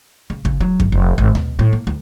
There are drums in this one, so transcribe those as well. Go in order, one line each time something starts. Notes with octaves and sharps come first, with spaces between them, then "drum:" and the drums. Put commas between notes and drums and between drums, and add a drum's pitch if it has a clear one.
C#3
C#3, drum: kick
F#3
G1, drum: kick
F1
G#1
B2, drum: tom D2
A2
A#3
D2